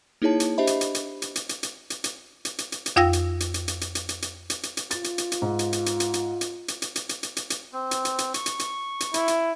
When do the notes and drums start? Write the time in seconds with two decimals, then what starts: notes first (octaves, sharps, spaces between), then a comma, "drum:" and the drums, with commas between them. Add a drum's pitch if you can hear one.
0.22 A#3 D#4 E4 G#4 C#5 A5
0.40 drum: hi-hat
0.58 D4 G4 C5 D#5 E5 B5
0.67 drum: hi-hat
0.81 drum: hi-hat
0.95 drum: hi-hat
1.22 drum: hi-hat
1.36 drum: hi-hat
1.49 drum: hi-hat
1.63 drum: hi-hat
1.90 drum: hi-hat
2.04 drum: hi-hat
2.45 drum: hi-hat
2.58 drum: hi-hat
2.72 drum: hi-hat
2.86 drum: hi-hat
2.96 F2 F4 F5 G5 E6 A#6
3.13 drum: hi-hat
3.40 drum: hi-hat
3.54 drum: hi-hat
3.68 drum: hi-hat
3.81 drum: hi-hat
3.95 drum: hi-hat
4.09 drum: hi-hat
4.22 drum: hi-hat
4.50 drum: hi-hat
4.63 drum: hi-hat
4.77 drum: hi-hat
4.91 F4 A6, drum: hi-hat
5.04 drum: hi-hat
5.18 drum: hi-hat
5.32 drum: hi-hat
5.42 G#2
5.59 drum: hi-hat
5.73 drum: hi-hat
5.86 drum: hi-hat
6.00 drum: hi-hat
6.14 drum: hi-hat
6.41 drum: hi-hat
6.68 drum: hi-hat
6.82 drum: hi-hat
6.96 drum: hi-hat
7.09 drum: hi-hat
7.23 drum: hi-hat
7.37 drum: hi-hat
7.50 drum: hi-hat
7.73 C4
7.91 drum: hi-hat
8.05 drum: hi-hat
8.18 drum: hi-hat
8.34 C#6, drum: hi-hat
8.46 drum: hi-hat
8.59 drum: hi-hat
9.00 drum: hi-hat
9.14 E4, drum: hi-hat
9.28 drum: hi-hat